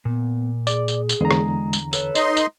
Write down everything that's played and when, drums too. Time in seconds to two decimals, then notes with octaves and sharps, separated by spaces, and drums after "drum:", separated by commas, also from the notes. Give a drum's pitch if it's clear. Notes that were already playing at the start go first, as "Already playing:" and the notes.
0.05 A#2 B3
0.67 G#4 D5, drum: tambourine
0.88 drum: tambourine
1.09 drum: tambourine
1.21 E2 D3 G#3 A#5
1.31 drum: rim click
1.73 drum: tambourine
1.93 A4 B4 C#5, drum: tambourine
2.15 D#4 D#5 C6, drum: tambourine
2.37 drum: tambourine